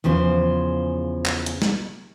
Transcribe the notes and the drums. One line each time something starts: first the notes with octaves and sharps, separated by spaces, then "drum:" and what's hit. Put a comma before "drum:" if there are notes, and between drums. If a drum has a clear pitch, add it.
E2 C#3 F3 C5
drum: clap
drum: hi-hat
drum: snare